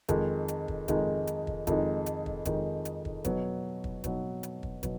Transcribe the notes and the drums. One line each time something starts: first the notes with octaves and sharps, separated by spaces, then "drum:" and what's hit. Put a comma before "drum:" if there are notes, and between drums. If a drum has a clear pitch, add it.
F2 D#3 G#3 D#4, drum: kick, hi-hat
drum: hi-hat
drum: kick
F2 D#3 G#3 D#4, drum: kick, hi-hat
drum: hi-hat
drum: kick
F2 D#3 G#3 D#4, drum: kick, hi-hat
drum: hi-hat
drum: kick
F2 D#3 G#3 D#4, drum: kick, hi-hat
drum: hi-hat
drum: kick
B2 F#3 B3, drum: kick, hi-hat
drum: kick
B2 F#3 B3, drum: kick, hi-hat
drum: hi-hat
drum: kick
B2 F#3, drum: kick, hi-hat